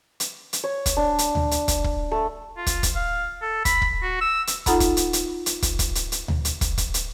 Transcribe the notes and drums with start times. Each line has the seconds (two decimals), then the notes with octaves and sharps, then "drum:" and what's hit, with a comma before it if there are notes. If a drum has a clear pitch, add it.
0.20 drum: hi-hat
0.53 drum: hi-hat
0.64 C#5
0.86 drum: kick, hi-hat
0.97 D4
1.18 drum: hi-hat
1.35 drum: tom D2
1.51 drum: hi-hat
1.68 drum: kick, hi-hat
1.84 drum: kick
2.12 A3
2.57 F4
2.66 drum: kick, hi-hat
2.83 drum: kick, hi-hat
2.96 F5
3.42 A4
3.65 B5, drum: kick, hi-hat
3.82 drum: kick
4.02 F#4
4.21 E6
4.47 drum: hi-hat
4.66 D#4 F4 A4 F#5 A#5 B5, drum: kick, hi-hat
4.80 drum: kick, hi-hat
4.97 drum: hi-hat
5.13 drum: hi-hat
5.46 drum: hi-hat
5.62 drum: kick, hi-hat
5.79 drum: kick, hi-hat
5.95 drum: hi-hat
6.12 drum: hi-hat
6.28 drum: tom D2
6.45 drum: hi-hat
6.61 drum: kick, hi-hat
6.78 drum: kick, hi-hat
6.94 drum: hi-hat